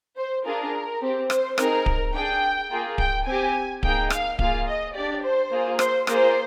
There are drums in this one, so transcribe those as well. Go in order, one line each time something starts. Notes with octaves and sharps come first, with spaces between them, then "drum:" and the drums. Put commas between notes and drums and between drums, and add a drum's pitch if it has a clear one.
C5
D4 F4 G#4 A#4
C4 G4
C5, drum: rim click
C4 D#4 G#4 A#4, drum: rim click
drum: kick D1
D4 G#4 G5
A#3 F4 G#4
G5, drum: kick D1
C4 G4 G#5
A#3 D#4 G#4 G5, drum: kick D1
F5, drum: rim click
A#3 F4 G#4 F5, drum: kick D1
D#5
D4 G4 D5
C5
A#3 F4 G#4
C5, drum: rim click
A#3 F4 G#4 C5, drum: rim click